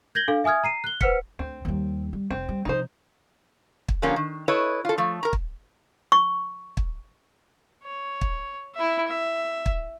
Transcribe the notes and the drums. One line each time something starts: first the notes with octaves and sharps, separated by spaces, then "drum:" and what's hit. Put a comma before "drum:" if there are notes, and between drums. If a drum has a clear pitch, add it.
G6 G#6 A#6 F#7 G7
D4 A4 F5
E5 G#5 D#6 F6 G#6
A#5 C7 D#7
F#6 G7
B4 C5 F#5 F6 B6 C#7, drum: kick
D2 C4
D#2 G3
G3
F1 C4
G3
C3 F3 D#4 C5
drum: kick
D3 F3 G3 A#3 C#4
D#3
E4 A4 B4 C#5 D#5
F4 A4
F3 A3
A#4 A#5
drum: kick
C#6
drum: kick
C#5
drum: kick
E4 E5
E5
drum: kick